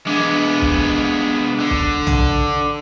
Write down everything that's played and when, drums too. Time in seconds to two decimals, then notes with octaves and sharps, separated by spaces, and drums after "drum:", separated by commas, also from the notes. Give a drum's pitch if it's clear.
0.07 G#3 B3 D4
0.61 drum: kick
1.59 D3
1.70 drum: kick
2.07 drum: tom